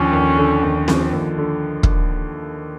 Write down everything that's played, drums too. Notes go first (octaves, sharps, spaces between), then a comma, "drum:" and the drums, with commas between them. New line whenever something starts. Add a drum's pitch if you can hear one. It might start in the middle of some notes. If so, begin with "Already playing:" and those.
Already playing: D#2 D3 F3 C#4
D#2
D3
D#2
F3, drum: snare C4
D#2
D3
drum: kick